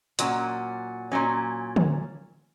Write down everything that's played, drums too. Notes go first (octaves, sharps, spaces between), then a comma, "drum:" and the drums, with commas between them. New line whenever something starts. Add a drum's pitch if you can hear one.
A#2 F#3 C#4, drum: hi-hat
A#2 F#3 C#4
drum: tom D3